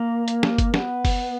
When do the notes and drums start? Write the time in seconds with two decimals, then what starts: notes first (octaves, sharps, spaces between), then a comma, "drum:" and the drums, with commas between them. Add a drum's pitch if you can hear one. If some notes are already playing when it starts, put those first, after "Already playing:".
Already playing: A#3
0.28 drum: hi-hat
0.43 drum: snare
0.58 drum: kick F#1, hi-hat
0.74 B3, drum: snare
1.05 drum: kick F#1, open hi-hat